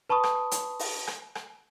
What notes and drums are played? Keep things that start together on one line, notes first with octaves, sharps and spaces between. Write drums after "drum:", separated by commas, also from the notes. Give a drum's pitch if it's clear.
B4 A5 B5 C#6 D#6
drum: rim click
drum: hi-hat
drum: open hi-hat
drum: rim click
drum: rim click